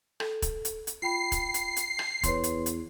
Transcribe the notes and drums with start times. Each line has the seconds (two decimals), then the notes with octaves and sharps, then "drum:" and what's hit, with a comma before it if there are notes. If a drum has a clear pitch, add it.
0.20 A4, drum: rim click
0.42 drum: kick, hi-hat
0.65 drum: hi-hat
0.87 drum: hi-hat
1.02 F4 G5 B5 C7
1.32 drum: kick, hi-hat
1.54 drum: hi-hat
1.76 drum: hi-hat
1.99 drum: rim click
2.23 E2 B4 C#5 C6, drum: kick, hi-hat
2.44 drum: hi-hat
2.66 drum: hi-hat